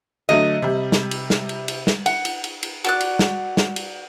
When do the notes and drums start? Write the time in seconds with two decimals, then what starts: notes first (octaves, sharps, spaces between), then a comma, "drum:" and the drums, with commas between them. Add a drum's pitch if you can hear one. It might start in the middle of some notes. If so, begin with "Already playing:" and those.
0.29 D3 F#3 A3 D#5
0.62 C3 G3
0.92 drum: snare
1.11 drum: cymbal
1.30 drum: snare
1.49 drum: cymbal
1.68 drum: cymbal
1.87 drum: snare
2.06 F#5, drum: cymbal
2.25 drum: cymbal
2.44 drum: cymbal
2.63 drum: cymbal
2.84 F#4 D5 F#6, drum: cymbal
3.00 drum: cymbal
3.19 drum: snare
3.57 drum: snare
3.76 drum: cymbal